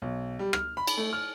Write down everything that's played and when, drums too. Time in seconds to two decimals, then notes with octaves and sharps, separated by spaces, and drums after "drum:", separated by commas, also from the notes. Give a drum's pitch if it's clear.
0.02 B1
0.39 G3
0.53 F6, drum: rim click
0.77 B5
0.87 drum: cymbal
0.97 A3
1.13 F6